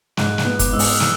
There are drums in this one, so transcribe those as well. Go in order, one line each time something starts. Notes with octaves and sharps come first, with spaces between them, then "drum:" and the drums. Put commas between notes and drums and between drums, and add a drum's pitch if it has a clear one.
G#2 F#6, drum: snare
F#6, drum: snare
B3
D6, drum: kick, hi-hat
G#2 E6
D#6, drum: open hi-hat
F6
E3 E6, drum: snare